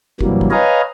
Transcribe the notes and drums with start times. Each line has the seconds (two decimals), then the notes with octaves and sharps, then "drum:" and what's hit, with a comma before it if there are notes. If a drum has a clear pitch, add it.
0.21 G2 C3 E3 F#3 G3 A#3, drum: kick
0.41 drum: kick
0.51 B4 C#5 D#5 F5 G#5 A#5